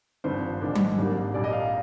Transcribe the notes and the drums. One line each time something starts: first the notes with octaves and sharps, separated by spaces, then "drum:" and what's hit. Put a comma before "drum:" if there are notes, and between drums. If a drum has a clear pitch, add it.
G#1 G2 F3 C5
A#1 G#2 D#3 G#3 D4
drum: tom F#3
G#1 G#2 G3 A#3 D4
A#1 A#2 G3 D5
D#5
F5
A#5